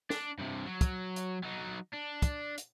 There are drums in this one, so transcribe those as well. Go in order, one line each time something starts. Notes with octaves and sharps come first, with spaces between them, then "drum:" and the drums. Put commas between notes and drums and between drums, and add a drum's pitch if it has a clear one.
D4, drum: snare
G2 C3
F#3
drum: kick, hi-hat
drum: hi-hat
F#3 D#4
D4
drum: kick, hi-hat
drum: hi-hat